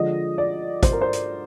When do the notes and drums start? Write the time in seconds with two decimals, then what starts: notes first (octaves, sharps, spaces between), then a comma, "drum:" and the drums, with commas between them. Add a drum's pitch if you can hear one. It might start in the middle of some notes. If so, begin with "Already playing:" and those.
Already playing: D3 F3 G#3 D#5
0.38 D5
0.83 C5, drum: kick, hi-hat
0.92 A#4
1.01 C5
1.13 drum: hi-hat